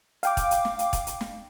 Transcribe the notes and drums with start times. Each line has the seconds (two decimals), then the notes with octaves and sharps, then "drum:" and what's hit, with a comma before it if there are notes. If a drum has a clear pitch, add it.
0.23 F5 G5 D6, drum: hi-hat
0.37 drum: kick E1, hi-hat
0.51 drum: hi-hat
0.65 drum: snare
0.79 drum: hi-hat
0.93 drum: kick E1, hi-hat
1.07 drum: hi-hat
1.21 drum: snare